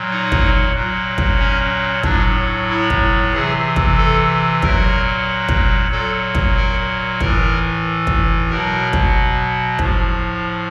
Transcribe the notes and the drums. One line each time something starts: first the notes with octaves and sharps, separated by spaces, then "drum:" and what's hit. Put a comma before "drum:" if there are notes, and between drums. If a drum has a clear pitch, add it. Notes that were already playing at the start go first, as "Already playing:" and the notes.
Already playing: A#2 F#3
D#4
drum: kick
A#2 F#3
drum: kick
C#4
A2 F#3 D4, drum: kick
E4
drum: kick
C3 E3 G#4
drum: kick
A4
A#2 F#3 A#4, drum: kick
drum: kick
A#2 F#3 A4
drum: kick
A#4
A2 E3 A#4, drum: kick
drum: kick
B2 F#3 A#4
drum: kick
A2 F3, drum: kick